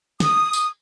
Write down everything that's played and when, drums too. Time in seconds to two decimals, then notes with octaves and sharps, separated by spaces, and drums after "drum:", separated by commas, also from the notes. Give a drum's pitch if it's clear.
0.20 D#6, drum: snare
0.53 drum: tambourine